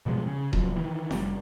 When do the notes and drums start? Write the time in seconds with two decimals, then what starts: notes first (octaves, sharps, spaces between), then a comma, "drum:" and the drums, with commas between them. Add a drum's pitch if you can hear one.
0.06 B2 F3 G3 G#3
0.26 C#3
0.53 A#2 C#3 F3 F#3, drum: kick D#1
0.76 D#3 E3
1.11 F1 C3 G3, drum: snare